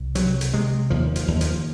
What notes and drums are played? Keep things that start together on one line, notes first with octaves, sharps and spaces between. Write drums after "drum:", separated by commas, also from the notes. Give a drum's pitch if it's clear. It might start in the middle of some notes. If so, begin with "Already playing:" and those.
Already playing: C2
C3 F#3, drum: hi-hat
drum: hi-hat
C3 G#3
D#2 F3
F3, drum: hi-hat
D#2
F3, drum: hi-hat